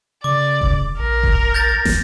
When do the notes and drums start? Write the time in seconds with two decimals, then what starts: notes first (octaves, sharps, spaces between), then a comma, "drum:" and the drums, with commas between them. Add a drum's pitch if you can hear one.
0.24 C#3 D5 D6
0.61 drum: kick E1
0.99 A#1 A#4
1.23 drum: kick E1
1.54 G6 A6 A#6
1.85 drum: snare